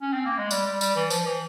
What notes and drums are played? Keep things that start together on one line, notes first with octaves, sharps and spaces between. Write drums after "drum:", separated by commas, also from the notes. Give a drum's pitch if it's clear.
C#4
C4
A#3
G#3
G3, drum: tambourine
G3
G3, drum: tambourine
E3
F3, drum: tambourine
E3